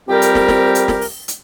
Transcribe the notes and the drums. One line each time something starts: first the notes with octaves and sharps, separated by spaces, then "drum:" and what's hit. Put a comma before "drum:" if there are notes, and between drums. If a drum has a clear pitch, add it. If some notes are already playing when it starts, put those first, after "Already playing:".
C2 F2 G3 C4 G4 A#4
drum: hi-hat
drum: snare
drum: snare
drum: hi-hat
drum: snare
drum: open hi-hat
drum: hi-hat